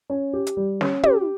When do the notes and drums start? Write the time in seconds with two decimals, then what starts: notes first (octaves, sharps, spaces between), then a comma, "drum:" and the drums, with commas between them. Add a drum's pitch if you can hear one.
0.10 C#4
0.33 G4
0.47 drum: hi-hat
0.57 G3
0.81 C#4, drum: snare
1.03 G4, drum: tom